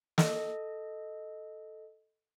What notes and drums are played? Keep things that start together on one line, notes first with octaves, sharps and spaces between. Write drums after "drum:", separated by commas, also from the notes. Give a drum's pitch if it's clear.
A4 D#5, drum: snare